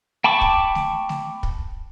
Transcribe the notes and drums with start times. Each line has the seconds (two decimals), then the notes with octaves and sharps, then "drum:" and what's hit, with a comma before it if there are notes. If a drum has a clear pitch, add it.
0.24 G5 A5 B5 C#6 D6
0.41 drum: kick
0.75 drum: snare A3
1.09 drum: snare A3
1.43 drum: kick